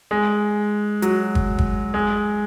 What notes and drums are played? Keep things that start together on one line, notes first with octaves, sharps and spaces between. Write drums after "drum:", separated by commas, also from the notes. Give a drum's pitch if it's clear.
G#3
F#3, drum: hi-hat
drum: kick
drum: kick
G#3